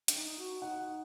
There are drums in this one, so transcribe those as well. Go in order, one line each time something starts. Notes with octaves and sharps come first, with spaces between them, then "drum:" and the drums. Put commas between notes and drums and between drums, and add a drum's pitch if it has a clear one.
D4, drum: hi-hat
D#4
F#4
D#4 F#5